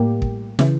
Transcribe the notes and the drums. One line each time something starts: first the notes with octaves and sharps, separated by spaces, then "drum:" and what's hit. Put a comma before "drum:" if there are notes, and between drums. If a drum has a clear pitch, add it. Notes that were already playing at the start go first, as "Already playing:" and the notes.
Already playing: A2 G3 A#3 G4
drum: kick
C#3 E3, drum: snare